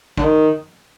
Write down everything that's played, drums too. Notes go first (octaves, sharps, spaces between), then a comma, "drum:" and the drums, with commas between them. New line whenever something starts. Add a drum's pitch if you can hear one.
D3, drum: kick
D#3